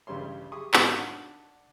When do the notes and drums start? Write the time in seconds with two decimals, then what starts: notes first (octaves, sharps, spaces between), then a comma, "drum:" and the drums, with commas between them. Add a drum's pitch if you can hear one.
0.07 A1 G2 C#3 G3 C#5 C6
0.52 G4 G#4 C#6 D#6
0.74 G#1 G#2 B2 F#3 F4 A#4, drum: clap
0.95 D4 F#5